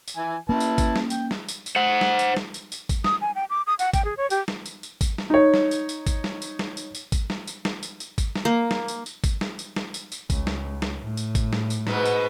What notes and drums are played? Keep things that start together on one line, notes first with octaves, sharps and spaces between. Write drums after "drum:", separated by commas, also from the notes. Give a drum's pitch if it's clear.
drum: tambourine
E3 G#5
A#3 C#4 E4 B4 A5
drum: tambourine
drum: kick G#1, tambourine
drum: snare
G5, drum: tambourine
drum: snare
drum: tambourine
drum: tambourine
C5 F#5
drum: snare
drum: tambourine
drum: snare
drum: tambourine
drum: tambourine
drum: kick G#1, tambourine
D#6, drum: snare
G#5
G5
D6
D#6
F#5, drum: tambourine
G5, drum: kick G#1, tambourine
G#4
C#5
G4, drum: tambourine
drum: snare
drum: tambourine
drum: tambourine
drum: kick G#1, tambourine
drum: snare
D#4 C#5
drum: snare
drum: tambourine
drum: tambourine
drum: kick G#1, tambourine
drum: snare
drum: tambourine
drum: snare
drum: tambourine
drum: tambourine
drum: kick G#1, tambourine
drum: snare
drum: tambourine
drum: snare
drum: tambourine
drum: tambourine
drum: kick G#1, tambourine
drum: snare
A#3
drum: snare
drum: tambourine
drum: tambourine
drum: kick G#1, tambourine
drum: snare
drum: tambourine
drum: snare
drum: tambourine
drum: tambourine
C#2, drum: kick G#1, tambourine
drum: snare
drum: snare
A2
drum: tambourine
drum: kick G#1, tambourine
drum: snare
drum: tambourine
G#2 B2 B3, drum: snare
drum: tambourine